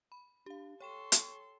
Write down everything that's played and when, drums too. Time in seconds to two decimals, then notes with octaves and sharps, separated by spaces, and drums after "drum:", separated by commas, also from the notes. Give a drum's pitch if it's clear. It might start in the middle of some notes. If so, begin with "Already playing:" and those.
0.12 B5
0.46 D4 G4 F5
0.80 A4 C#5 G5 C6 C#6 E7
1.12 drum: hi-hat